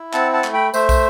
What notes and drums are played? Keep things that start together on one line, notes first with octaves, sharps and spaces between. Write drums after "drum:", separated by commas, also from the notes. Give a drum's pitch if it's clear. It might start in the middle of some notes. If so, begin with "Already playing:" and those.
Already playing: E4
C4 F#5 A5, drum: clap
F#5 A5
A3, drum: clap
G5 B5
A3 C5 E5, drum: tambourine
drum: kick, tambourine